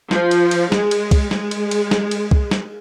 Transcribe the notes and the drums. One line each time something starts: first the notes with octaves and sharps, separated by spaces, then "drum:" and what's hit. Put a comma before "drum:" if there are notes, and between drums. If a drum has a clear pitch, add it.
F3, drum: snare
drum: cymbal
drum: cymbal
G#3, drum: snare
drum: cymbal
drum: kick C2, cymbal
G#3, drum: snare
drum: cymbal
drum: cymbal
drum: snare
drum: cymbal
drum: kick C2
drum: snare